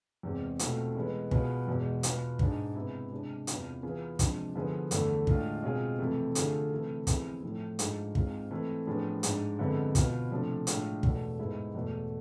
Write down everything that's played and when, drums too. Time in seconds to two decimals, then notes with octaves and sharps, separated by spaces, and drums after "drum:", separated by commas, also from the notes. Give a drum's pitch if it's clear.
0.23 E2 C3 G#3 C4
0.59 B2 A3 C4 F4, drum: hi-hat
0.95 E3 G#3 B3
1.31 B2 B3 F4 G#4, drum: kick
1.67 E2 B2 G#3
2.03 B2 B3 F4, drum: hi-hat
2.39 G#2 G#3 D4 G#4, drum: kick
2.75 C3 G#3 B3 E4
3.11 C3 G#3 D4
3.47 E2 C3 E3 B3 F4, drum: hi-hat
3.83 E3 B3 F4 G#4
4.19 C3 F3 G#3 D4, drum: kick, hi-hat
4.55 D3 F3 B3 E4 G#4
4.91 E2 D3 A3 E4, drum: hi-hat
5.27 A2 G#3 D4 F4 G#4, drum: kick
5.63 B2 G#3 C4 F4 G#4
5.99 F2 C3 E3 A3
6.35 D3 A3 D4 F4 G#4, drum: hi-hat
6.71 C3 E3 A3
7.07 F2 E3 B3 E4 G#4, drum: kick, hi-hat
7.43 A2 F3 A3
7.79 G#2 G#3 D4 F4 G#4, drum: hi-hat
8.15 G#2 G#3 C4 F4 G#4, drum: kick
8.51 E3 A3 C4
8.87 A2 F3 B3 D4 G#4
9.23 G#2 G#3 D4, drum: hi-hat
9.58 F2 D3 G#3 B3 E4
9.95 B2 B3 F4, drum: kick, hi-hat
10.30 C3 F3 A3 D4
10.67 A2 G#3 D4 F4, drum: hi-hat
11.03 E2 B2 A3, drum: kick
11.39 G#2 G#3 B3 E4
11.75 E2 B2 A3